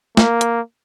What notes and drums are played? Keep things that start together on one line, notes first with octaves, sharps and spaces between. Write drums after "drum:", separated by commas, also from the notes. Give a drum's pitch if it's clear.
A#3, drum: snare
drum: hi-hat